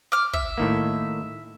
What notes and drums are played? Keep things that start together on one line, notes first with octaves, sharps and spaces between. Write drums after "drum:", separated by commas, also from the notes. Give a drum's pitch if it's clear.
D6 F6
E5, drum: kick
A2 D#3 A#3